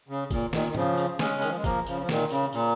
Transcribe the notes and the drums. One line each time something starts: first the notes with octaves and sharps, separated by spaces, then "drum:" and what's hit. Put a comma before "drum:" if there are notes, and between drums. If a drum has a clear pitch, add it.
C#3
A#2, drum: kick, tambourine
A#2 D#3, drum: snare
D#3
C#3 F3, drum: tom G#2
drum: tambourine
G#3 C#4, drum: snare
C#3
D#3, drum: tambourine
F3
G#3
F3 A#3, drum: kick, tambourine
C#3 F3, drum: tambourine
F3
A#2 D#3, drum: snare
C#3, drum: tambourine
A#2, drum: tambourine